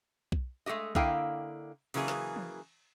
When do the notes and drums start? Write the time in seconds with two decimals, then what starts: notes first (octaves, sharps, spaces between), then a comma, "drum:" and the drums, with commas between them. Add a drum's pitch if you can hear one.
0.32 drum: kick B1
0.66 G#3 A3 F#4 G4 D#5
0.95 D3 A#3 E4 D#5 F5 G5, drum: kick B1
1.94 C#3 E3 F#3 A#3 G#4, drum: cymbal
2.08 drum: snare
2.36 drum: tom E3